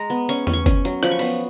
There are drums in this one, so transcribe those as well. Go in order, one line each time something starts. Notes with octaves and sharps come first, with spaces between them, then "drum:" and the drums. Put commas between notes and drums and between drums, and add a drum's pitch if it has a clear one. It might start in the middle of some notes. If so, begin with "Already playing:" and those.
Already playing: G#3 A#5
B3
C#4 C#6, drum: hi-hat
C#4, drum: tom E2
C#6
C#4, drum: kick, hi-hat
F#3, drum: hi-hat
F3 B5, drum: rim click
C#6
B3 B5, drum: open hi-hat